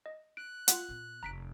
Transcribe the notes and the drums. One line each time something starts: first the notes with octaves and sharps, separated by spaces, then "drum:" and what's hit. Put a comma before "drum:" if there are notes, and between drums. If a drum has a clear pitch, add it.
D#5
F#6 D7
F4 F#5, drum: hi-hat
A#2 B3
F1 D#2 A#5 B6 D7